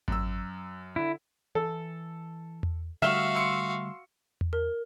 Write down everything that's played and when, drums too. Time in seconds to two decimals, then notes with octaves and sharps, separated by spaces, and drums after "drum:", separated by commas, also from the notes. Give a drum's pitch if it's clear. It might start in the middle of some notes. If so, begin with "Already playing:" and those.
0.08 F#2 E6, drum: kick G#1
0.96 D3 E4
1.55 E3 A4
2.63 drum: tom E2
3.02 D3 G3 A3 F#4 E5 F5 F6 E7
3.35 C6 E6 C#7
4.41 drum: tom E2
4.53 A#4